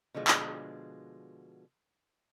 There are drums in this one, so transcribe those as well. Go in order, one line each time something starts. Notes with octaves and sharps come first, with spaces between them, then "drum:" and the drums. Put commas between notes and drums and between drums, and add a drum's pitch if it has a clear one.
B2 D3 F3 G#3
drum: clap